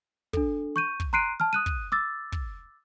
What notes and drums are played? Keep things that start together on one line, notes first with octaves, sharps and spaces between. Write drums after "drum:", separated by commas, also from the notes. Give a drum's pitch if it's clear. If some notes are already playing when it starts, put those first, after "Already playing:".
D4 A4, drum: kick
C#6 G6 D#7
drum: kick
A#5 C6 F#6 C7 D7 D#7
A5 F6
D#6 F#6 D#7
drum: kick
D6 E6 A6
drum: kick